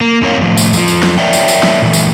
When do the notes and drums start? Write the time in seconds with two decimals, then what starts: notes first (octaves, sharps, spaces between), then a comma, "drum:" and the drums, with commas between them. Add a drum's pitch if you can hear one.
0.01 A#3
0.22 F#2 C4 A#4 C#5 F5
0.41 A2 F3
0.57 drum: tambourine
0.73 F2 F3, drum: tambourine
0.88 drum: tambourine
1.03 drum: snare
1.18 A#4 C#5 D5 E5 G5
1.33 drum: tambourine
1.48 drum: tambourine
1.63 drum: snare
1.82 A#2 E3
1.93 drum: tambourine